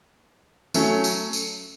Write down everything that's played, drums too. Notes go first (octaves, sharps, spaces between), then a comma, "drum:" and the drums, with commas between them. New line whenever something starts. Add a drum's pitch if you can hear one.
F#3 A3 C#4, drum: tambourine
drum: tambourine
drum: tambourine